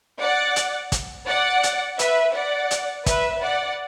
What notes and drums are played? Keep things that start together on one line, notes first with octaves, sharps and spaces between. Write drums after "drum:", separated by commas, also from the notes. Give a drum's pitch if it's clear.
D5 F#5
drum: hi-hat
drum: kick, hi-hat
D5 F#5
drum: hi-hat
B4 E5, drum: hi-hat
D5 F#5
drum: hi-hat
B4 E5, drum: kick, hi-hat
D5 F#5